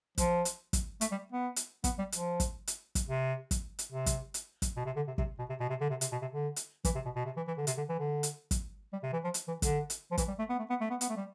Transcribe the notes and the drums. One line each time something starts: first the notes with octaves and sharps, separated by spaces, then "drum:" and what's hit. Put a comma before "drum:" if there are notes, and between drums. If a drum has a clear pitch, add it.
F3, drum: kick, hi-hat
drum: hi-hat
drum: kick, hi-hat
A3, drum: hi-hat
G3
B3
drum: hi-hat
B3, drum: kick, hi-hat
G3
F3, drum: hi-hat
drum: kick, hi-hat
drum: hi-hat
drum: kick, hi-hat
C3
drum: kick, hi-hat
drum: hi-hat
C3
drum: kick, hi-hat
drum: hi-hat
drum: kick, hi-hat
B2
C3
D3
C3
C3, drum: kick
B2
C3
B2
C3
D3
C3
C3, drum: hi-hat
B2
C3
D3
drum: hi-hat
E3, drum: kick, hi-hat
C3
B2
B2
C3
E3
E3
D3
C3, drum: hi-hat
D3
E3
D3
drum: hi-hat
drum: kick, hi-hat
G3
C3
E3
F3
drum: hi-hat
E3
D3, drum: kick, hi-hat
drum: hi-hat
F3
E3, drum: kick, hi-hat
G3
A3
B3
A3
B3
A3
B3
B3, drum: hi-hat
A3
G3